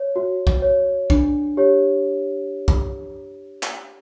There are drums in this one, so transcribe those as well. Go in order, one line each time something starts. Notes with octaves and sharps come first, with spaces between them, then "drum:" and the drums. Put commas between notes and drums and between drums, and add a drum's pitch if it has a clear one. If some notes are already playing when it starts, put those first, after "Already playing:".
Already playing: C#5
F#4
drum: kick
C#5
D4, drum: kick
G4 C#5
drum: kick
drum: clap